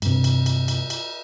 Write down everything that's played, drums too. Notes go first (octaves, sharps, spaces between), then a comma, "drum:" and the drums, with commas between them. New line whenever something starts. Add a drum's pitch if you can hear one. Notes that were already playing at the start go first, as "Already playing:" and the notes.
G2 C3, drum: cymbal
drum: cymbal
drum: cymbal
drum: cymbal
drum: cymbal